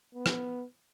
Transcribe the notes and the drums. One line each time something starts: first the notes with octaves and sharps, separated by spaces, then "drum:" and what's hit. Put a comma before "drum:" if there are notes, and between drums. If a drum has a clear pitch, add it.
B3
drum: rim click